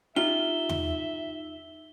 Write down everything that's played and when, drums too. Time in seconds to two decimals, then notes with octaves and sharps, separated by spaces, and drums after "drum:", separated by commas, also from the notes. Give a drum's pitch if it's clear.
0.16 D#4 F4 G4 E5 G7
0.69 drum: tom E2